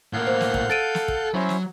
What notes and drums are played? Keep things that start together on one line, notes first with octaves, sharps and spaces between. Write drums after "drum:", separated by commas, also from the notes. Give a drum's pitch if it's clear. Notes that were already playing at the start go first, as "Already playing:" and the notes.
A2 A#3 F5 F#5 G6
C5
drum: snare
drum: kick
A4 A6 D7 D#7
drum: snare
drum: kick
F#3 C#4 E4 C5
drum: snare